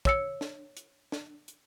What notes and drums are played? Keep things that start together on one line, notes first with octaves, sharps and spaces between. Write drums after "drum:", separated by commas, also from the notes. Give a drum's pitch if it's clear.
C#5 E6 C#7, drum: kick, hi-hat
drum: snare
drum: hi-hat
drum: snare
drum: hi-hat